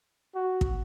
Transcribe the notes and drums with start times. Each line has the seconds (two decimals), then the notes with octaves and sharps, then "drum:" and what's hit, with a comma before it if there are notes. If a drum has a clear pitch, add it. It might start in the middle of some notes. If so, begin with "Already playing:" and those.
0.35 F#4
0.61 drum: kick